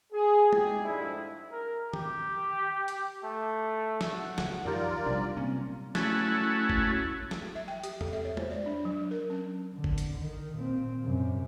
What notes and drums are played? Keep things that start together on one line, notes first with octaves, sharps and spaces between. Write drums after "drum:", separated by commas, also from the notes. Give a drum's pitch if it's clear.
G#4
D#4 G4 G#4, drum: tom
F2 G#2 G3 D4 E4
A#4
G4, drum: tom
drum: hi-hat
A3
drum: snare
F#5
C#2 F#3, drum: snare
F#2 D#3 F3 D#4 F4 G4 A#4 D5
A#1 C3 F#3 G3 D4
A#3 C4 C#4
A3 C#4 E4 F#4, drum: snare
drum: kick G#1
drum: snare
E5
G5
G4, drum: hi-hat
A4, drum: tom E2
E5
C#5
C5, drum: tom
D5
D4
F#3
A#4
C#4
D3
drum: kick G#1
drum: hi-hat
D#3
A#2 C4
F#2 C3